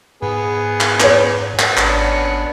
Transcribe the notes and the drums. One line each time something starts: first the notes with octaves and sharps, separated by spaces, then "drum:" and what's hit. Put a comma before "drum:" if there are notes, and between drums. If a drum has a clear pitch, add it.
G#2 B3 G#4
drum: clap
B4 C#5, drum: clap
drum: clap
G#1 B3 C#4 D4 D5, drum: clap